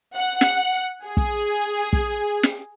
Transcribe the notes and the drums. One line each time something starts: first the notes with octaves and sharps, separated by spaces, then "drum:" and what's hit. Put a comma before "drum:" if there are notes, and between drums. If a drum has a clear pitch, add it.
F#5
drum: snare
G#4
drum: kick
drum: kick
drum: snare